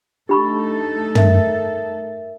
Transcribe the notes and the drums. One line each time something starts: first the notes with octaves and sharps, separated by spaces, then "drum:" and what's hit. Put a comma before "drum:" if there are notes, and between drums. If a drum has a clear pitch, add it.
A3 D4 D#4 G4 A4 B5 C#6
A#4 E5, drum: tom